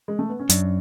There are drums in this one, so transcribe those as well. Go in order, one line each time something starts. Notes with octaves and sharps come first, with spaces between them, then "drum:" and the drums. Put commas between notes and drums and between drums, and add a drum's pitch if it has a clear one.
G#3
A3
B3
C#4
F#2 D4, drum: hi-hat